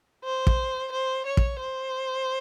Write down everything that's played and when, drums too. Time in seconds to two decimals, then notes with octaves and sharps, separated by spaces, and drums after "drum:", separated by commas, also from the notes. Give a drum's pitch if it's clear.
0.24 C5
0.47 drum: kick
0.92 C5
1.26 C#5
1.37 drum: kick
1.60 C5